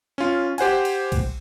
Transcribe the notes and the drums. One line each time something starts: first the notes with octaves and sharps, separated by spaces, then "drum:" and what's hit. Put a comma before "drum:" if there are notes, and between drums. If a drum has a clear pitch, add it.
C#4 F4
G4 C5 F#5 G#5, drum: cymbal
drum: cymbal
drum: kick B1, cymbal